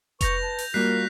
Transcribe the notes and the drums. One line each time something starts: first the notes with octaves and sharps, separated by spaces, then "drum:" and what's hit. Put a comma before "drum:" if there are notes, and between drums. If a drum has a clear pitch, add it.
B4 C#6 G6 A#6 F7, drum: kick F1, hi-hat
A5
drum: open hi-hat
G3 A#3 F4 F#4 A#4 F#6 B6 C7